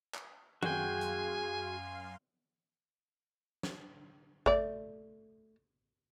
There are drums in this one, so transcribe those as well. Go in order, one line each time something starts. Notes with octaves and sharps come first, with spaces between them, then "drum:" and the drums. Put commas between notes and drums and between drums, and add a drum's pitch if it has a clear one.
drum: clap
F#2 F#4 G#4 F5 G5 G#5 C6, drum: tom
drum: hi-hat
drum: snare
A3 D5, drum: kick G#1